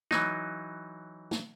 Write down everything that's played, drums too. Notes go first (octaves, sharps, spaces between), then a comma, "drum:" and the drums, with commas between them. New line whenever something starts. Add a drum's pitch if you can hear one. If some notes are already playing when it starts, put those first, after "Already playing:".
E3 F#3 D#4, drum: snare
drum: snare